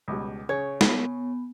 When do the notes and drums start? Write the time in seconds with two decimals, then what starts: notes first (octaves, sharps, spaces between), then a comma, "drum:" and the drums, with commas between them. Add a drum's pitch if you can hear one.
0.08 C#2 B2 G3
0.49 C#3 C#5
0.81 B3, drum: snare